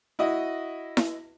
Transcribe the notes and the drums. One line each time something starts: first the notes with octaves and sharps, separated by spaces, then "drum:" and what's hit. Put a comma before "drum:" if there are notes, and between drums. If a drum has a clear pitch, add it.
E4 F#4 D#5
drum: snare E4